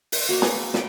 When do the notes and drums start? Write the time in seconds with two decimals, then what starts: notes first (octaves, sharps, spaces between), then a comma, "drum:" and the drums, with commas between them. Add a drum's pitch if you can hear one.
0.12 drum: open hi-hat
0.29 A#3 F#4
0.42 B3 G#4, drum: snare
0.74 B4 G5, drum: snare